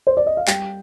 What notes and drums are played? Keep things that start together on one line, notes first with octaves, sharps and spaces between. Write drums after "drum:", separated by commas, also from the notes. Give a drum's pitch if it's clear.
C5
D5
D#5
F5
G3 G5, drum: clap